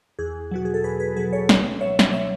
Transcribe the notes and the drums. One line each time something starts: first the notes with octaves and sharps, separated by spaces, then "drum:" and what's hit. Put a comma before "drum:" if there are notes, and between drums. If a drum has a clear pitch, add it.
E2 G#4
B2 F#3 F#4
G#4
A4
E2 G#4 B4
G#4 B4
B2 F#3 G#4 B4
A4 C#5
C#2, drum: snare
B2 F#3 C#5 E5
drum: snare
C#5 E5